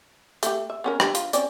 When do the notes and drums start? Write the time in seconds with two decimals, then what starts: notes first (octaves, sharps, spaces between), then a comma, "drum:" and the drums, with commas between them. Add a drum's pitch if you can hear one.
0.43 A3 G4, drum: hi-hat
0.70 E5
0.84 B3 C#4 A#4
1.00 D4 G4 B4, drum: rim click
1.15 F4, drum: hi-hat
1.33 C4 C#4 D5, drum: hi-hat